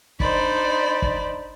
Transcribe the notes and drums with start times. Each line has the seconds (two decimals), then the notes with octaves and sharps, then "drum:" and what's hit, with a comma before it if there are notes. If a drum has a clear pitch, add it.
0.20 D4 D#4 C5 D5 B5, drum: kick
1.02 drum: kick